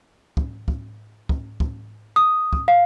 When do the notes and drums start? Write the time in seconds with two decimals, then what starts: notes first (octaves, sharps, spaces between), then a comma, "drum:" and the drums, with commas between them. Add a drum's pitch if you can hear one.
0.37 drum: kick
0.68 drum: kick
1.29 drum: kick
1.60 drum: kick
2.16 D#6
2.53 drum: kick
2.68 F5